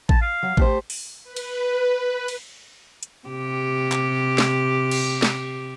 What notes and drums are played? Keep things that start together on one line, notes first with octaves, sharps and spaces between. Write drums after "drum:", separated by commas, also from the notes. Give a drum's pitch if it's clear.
A5, drum: kick A1
F5
F#3
A3 G4 C5, drum: kick A1
drum: open hi-hat
B4
drum: cymbal
drum: cymbal
drum: hi-hat
C3 G4
drum: clap
drum: snare
drum: cymbal
drum: snare